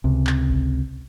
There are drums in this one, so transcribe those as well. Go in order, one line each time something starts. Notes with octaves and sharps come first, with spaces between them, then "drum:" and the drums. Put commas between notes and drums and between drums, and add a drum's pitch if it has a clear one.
C#2 C3
drum: clap
drum: kick G#1